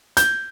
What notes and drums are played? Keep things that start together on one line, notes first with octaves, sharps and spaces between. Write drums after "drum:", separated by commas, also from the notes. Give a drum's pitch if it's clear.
G6, drum: hi-hat